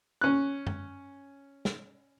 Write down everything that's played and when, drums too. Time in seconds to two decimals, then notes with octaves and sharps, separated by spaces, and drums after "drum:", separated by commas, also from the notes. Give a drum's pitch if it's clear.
0.21 C#4 F#6
0.67 drum: tom F#2
1.65 drum: snare